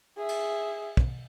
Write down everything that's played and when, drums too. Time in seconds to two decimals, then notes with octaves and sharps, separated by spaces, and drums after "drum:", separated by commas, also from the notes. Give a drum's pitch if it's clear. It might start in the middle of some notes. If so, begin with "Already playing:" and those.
0.18 G#4 E5
0.29 drum: cymbal
0.97 drum: kick